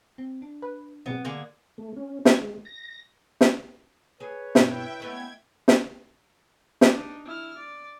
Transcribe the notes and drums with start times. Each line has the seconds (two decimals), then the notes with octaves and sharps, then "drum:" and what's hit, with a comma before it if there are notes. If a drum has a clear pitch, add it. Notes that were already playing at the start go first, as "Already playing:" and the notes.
0.18 C4
0.42 D4
0.62 B4
1.06 G#2 B2 F#3 B3 C4
1.25 D3 A#3 G#4
1.78 A3
1.96 C#4
2.25 G#6, drum: snare
2.41 G#3
2.65 A#6
3.41 drum: snare
4.20 G#4 B4 C#5
4.55 G2 B2 B3 E4 E5 G5, drum: snare
5.00 A3 B3 C#4 D#5 G#6
5.68 drum: snare
6.81 D4 D#4, drum: snare
7.25 E4 F6
7.57 D5